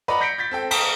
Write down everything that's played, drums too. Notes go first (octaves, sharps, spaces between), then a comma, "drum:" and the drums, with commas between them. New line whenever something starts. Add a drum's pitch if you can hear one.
B4 D5 D#5 F#5 A#5 B5
G6 A#6 B6 C#7 D7
G6 A6 B6
C4 A4 G5
G5 A5 A#5 D#6 B6 E7, drum: cymbal